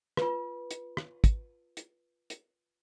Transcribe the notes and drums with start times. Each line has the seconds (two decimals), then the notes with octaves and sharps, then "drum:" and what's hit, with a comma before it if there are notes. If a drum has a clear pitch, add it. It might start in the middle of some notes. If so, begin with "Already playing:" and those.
0.17 F4 B4, drum: rim click
0.71 drum: hi-hat
0.97 drum: rim click
1.24 drum: kick, hi-hat
1.77 drum: hi-hat
2.30 drum: hi-hat